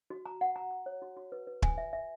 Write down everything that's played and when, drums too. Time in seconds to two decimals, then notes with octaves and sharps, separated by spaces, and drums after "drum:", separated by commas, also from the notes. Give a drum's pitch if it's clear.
0.10 F#4
0.26 A#5
0.41 F#5
0.56 A#5
0.71 A#5
0.86 C#5
1.02 F#4
1.17 F#4
1.32 B4
1.47 B4
1.62 G#5, drum: kick
1.78 E5
1.93 E5